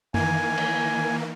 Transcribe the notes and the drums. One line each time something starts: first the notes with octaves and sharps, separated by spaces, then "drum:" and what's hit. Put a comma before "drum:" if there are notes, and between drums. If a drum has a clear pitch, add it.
D#3 E3 A#3 G#5, drum: tom F#2
drum: cymbal